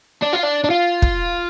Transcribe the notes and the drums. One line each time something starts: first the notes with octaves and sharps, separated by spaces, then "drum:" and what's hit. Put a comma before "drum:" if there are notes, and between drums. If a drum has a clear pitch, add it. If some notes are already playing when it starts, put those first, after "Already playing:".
D4
F4
D4
D4
F4
drum: kick